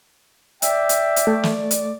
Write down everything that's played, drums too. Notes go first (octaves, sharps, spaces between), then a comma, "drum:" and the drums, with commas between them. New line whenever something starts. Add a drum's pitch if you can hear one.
D5 E5 G5, drum: hi-hat
drum: hi-hat
drum: hi-hat
A3
drum: snare
drum: hi-hat